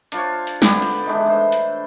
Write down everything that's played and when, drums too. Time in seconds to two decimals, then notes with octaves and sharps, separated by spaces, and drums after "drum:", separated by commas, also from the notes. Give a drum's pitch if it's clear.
0.12 D4 F4 C5 C#5, drum: hi-hat
0.47 drum: hi-hat
0.62 D3 B3 G4 G#4, drum: snare
0.82 drum: open hi-hat
1.06 D#3 E3 G#3 D4
1.26 A3 C5
1.52 drum: hi-hat